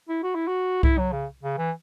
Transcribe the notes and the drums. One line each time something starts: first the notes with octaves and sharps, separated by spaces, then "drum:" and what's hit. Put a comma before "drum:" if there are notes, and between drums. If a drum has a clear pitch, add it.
E4
F#4
E4
F#4
E4, drum: kick C2
F#3
C#3
C#3
E3